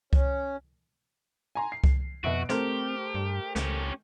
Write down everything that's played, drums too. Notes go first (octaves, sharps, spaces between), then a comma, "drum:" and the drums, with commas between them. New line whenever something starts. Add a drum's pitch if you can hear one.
C#4, drum: kick C2
G#5 A#5 C6
C7
drum: kick C2
F2 B2 F#4 E5 D7
A3 C4 G4 A#4 C5, drum: snare
G2
C#2 C#4 G4, drum: snare